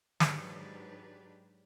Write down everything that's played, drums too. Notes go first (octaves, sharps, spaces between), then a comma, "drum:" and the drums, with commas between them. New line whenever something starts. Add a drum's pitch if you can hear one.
G#2 F#3 D4 G4 B4, drum: snare